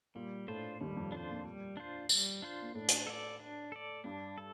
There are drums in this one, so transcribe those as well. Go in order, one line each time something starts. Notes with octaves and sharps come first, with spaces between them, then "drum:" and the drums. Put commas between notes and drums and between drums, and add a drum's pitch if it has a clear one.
A#2 G3 A#3
A2 A3 D4 F4 C5
D#2 D#3 G3
F2 F3
A2 A3 D4 F4 C5
A#2 A#3
G3
D4 F4 C5
G3, drum: tambourine
D4 F4 C5
A#3
A2 A3 D4
drum: hi-hat
A4 D5
D4
A4 D5
G2 G3 D4
A4